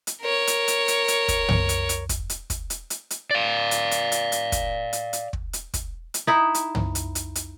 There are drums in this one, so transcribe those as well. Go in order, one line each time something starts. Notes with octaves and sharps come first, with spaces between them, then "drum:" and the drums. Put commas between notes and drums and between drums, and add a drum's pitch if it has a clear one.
drum: hi-hat
A#4 C#5
drum: hi-hat
drum: hi-hat
drum: hi-hat
drum: hi-hat
drum: kick, hi-hat
drum: tom
drum: hi-hat
drum: hi-hat
drum: kick, hi-hat
drum: hi-hat
drum: kick, hi-hat
drum: hi-hat
drum: hi-hat
drum: hi-hat
D5 F5
drum: hi-hat
drum: hi-hat
drum: hi-hat
drum: hi-hat
drum: kick, hi-hat
drum: hi-hat
drum: hi-hat
drum: kick
drum: hi-hat
drum: kick, hi-hat
drum: hi-hat
D#4 E4
drum: hi-hat
drum: tom
drum: hi-hat
drum: hi-hat
drum: hi-hat